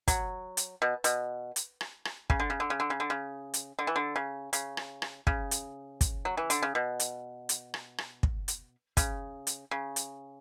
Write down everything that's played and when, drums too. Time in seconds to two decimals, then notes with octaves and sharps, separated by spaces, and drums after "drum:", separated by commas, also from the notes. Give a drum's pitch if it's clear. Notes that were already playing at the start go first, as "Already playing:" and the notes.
0.08 F#3, drum: kick, hi-hat
0.57 drum: hi-hat
0.82 B2
1.04 B2, drum: hi-hat
1.56 drum: hi-hat
1.81 drum: rim click
2.05 drum: rim click
2.30 C#3, drum: kick
2.40 D3
2.50 C#3
2.60 D3
2.70 C#3
2.80 D3
2.90 C#3
3.00 D3
3.10 C#3
3.54 drum: hi-hat
3.79 D3
3.87 E3
3.96 D3
4.16 C#3
4.53 C#3, drum: hi-hat
4.77 drum: rim click
5.02 drum: rim click
5.27 C#3, drum: kick
5.51 drum: hi-hat
6.01 drum: kick, hi-hat
6.25 F#3
6.37 E3
6.50 D3, drum: hi-hat
6.62 C#3
6.75 B2
7.00 drum: hi-hat
7.49 drum: hi-hat
7.74 drum: rim click
7.98 drum: rim click
8.23 drum: kick
8.48 drum: hi-hat
8.97 C#3, drum: kick, hi-hat
9.47 drum: hi-hat
9.71 C#3
9.96 drum: hi-hat